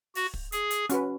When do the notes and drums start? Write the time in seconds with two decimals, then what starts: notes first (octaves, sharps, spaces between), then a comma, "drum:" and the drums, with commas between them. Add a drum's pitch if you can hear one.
0.15 F#4, drum: open hi-hat
0.34 drum: kick
0.52 G#4, drum: hi-hat
0.71 drum: hi-hat
0.89 C#4 F#4 B4, drum: hi-hat